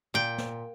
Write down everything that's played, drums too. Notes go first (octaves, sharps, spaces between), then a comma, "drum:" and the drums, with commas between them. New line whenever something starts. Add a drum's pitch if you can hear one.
A#2 G5
drum: snare